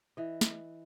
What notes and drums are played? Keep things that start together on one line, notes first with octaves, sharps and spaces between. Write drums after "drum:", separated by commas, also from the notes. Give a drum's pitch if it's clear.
E3 D#5
drum: snare